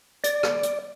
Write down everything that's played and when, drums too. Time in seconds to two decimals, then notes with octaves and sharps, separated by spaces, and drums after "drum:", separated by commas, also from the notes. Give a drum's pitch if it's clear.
0.24 D5, drum: hi-hat
0.43 drum: rim click
0.63 drum: hi-hat